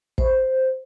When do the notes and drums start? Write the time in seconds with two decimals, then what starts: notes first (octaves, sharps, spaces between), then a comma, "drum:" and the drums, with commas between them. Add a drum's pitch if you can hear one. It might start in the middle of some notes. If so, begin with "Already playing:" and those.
0.18 C5, drum: kick